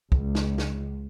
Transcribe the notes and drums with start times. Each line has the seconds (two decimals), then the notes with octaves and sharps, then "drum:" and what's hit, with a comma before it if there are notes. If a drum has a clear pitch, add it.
0.12 C#2, drum: kick
0.35 drum: snare
0.58 drum: snare